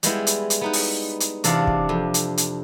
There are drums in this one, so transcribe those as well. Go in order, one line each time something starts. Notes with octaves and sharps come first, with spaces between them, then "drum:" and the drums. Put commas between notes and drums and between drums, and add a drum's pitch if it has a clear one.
G3 G#3 B3 E4, drum: hi-hat
drum: hi-hat
drum: hi-hat
B3 D#4 B4
drum: open hi-hat
drum: hi-hat
E2 C3 D4 D5 F5, drum: hi-hat
drum: kick
F2
drum: hi-hat
drum: hi-hat